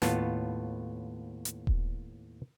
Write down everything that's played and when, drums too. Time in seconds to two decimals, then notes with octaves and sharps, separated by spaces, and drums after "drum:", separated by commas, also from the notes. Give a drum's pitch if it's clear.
0.02 D#2 A2 B3 F4 A5, drum: snare
1.45 drum: hi-hat
1.67 drum: kick D#1